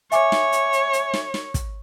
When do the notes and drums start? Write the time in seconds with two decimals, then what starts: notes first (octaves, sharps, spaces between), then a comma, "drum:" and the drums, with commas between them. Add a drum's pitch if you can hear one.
0.12 C#5 E5 G#5 D6, drum: hi-hat
0.32 drum: snare
0.52 drum: hi-hat
0.73 drum: hi-hat
0.93 drum: hi-hat
1.14 drum: snare
1.34 drum: snare
1.54 drum: kick, hi-hat